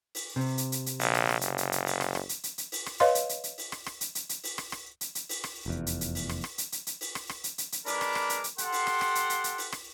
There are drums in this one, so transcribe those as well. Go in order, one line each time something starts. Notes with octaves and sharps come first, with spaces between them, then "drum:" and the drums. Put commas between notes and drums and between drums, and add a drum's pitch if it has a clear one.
drum: open hi-hat
C3
drum: hi-hat
drum: hi-hat
drum: hi-hat
A#1, drum: open hi-hat
drum: rim click
drum: rim click
F#1, drum: hi-hat
drum: hi-hat
drum: hi-hat
drum: open hi-hat
drum: rim click
drum: rim click
drum: hi-hat
drum: hi-hat
drum: hi-hat
drum: open hi-hat
drum: rim click
B4 C#5 D#5 F5 C6, drum: rim click
drum: hi-hat
drum: hi-hat
drum: hi-hat
drum: open hi-hat
drum: rim click
drum: rim click
drum: hi-hat
drum: hi-hat
drum: hi-hat
drum: open hi-hat
drum: rim click
drum: rim click
drum: hi-hat
drum: hi-hat
drum: open hi-hat
drum: rim click
F1 E2
drum: hi-hat
drum: hi-hat
drum: open hi-hat
drum: rim click
drum: rim click
drum: hi-hat
drum: hi-hat
drum: hi-hat
drum: open hi-hat
drum: rim click
drum: rim click
drum: hi-hat
drum: hi-hat
drum: hi-hat
G#3 D4 A#4 B4 B5 D6, drum: open hi-hat
drum: rim click
drum: rim click
drum: hi-hat
drum: hi-hat
G4 A4 F#5 C6, drum: hi-hat
drum: open hi-hat
drum: rim click
drum: rim click
drum: hi-hat
drum: hi-hat
drum: hi-hat
drum: open hi-hat
drum: rim click